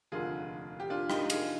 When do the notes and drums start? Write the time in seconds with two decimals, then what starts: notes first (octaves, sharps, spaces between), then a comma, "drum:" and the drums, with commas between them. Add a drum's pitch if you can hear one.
0.12 F1 D#2 D3 F4 G#4
0.80 G4
0.90 D4 F4
1.10 D#4 G4, drum: rim click
1.30 F4 G#4, drum: cymbal